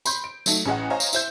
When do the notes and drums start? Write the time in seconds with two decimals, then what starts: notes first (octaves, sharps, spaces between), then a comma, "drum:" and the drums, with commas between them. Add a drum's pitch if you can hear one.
0.05 B5 C6 G6, drum: tambourine
0.24 D7
0.46 F#3 A3 D#4, drum: tambourine
0.65 A1 C#4 G#4 D#5 F#5
0.90 C5 C#5 D#5 F5 G#5 A#5
1.00 drum: tambourine
1.13 E4 C5 G6, drum: tambourine